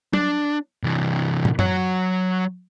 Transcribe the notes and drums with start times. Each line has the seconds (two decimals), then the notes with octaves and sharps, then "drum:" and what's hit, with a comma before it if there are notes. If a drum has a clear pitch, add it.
0.13 D4, drum: tom F#3
0.83 C3 E3
1.45 drum: tom
1.59 F#3 C#5, drum: tom F#2